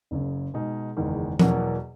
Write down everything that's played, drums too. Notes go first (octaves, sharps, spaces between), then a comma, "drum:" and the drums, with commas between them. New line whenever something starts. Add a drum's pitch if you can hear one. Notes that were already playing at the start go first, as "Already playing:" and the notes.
F#1 F#2 C#3
B2 G#3 D#4 G#4
F#1 E2 D#3 G#3
E2 B2 F#3 A#3, drum: tom F3